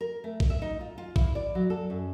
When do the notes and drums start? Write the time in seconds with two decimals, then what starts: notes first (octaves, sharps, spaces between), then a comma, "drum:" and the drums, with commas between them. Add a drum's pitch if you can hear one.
0.01 A#4
0.24 A3
0.40 drum: kick
0.50 E5
0.62 D#4
0.81 F4
0.98 F4
1.16 E4, drum: kick
1.35 D5
1.55 F#3
1.70 A4
1.90 F#2